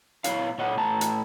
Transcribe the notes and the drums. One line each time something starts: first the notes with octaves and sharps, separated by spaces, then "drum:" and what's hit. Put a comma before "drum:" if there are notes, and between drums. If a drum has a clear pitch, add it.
A#2 E4 C#5 F5, drum: hi-hat
A#2 C#5 D#5 F#5
A2 A5 A#5
drum: hi-hat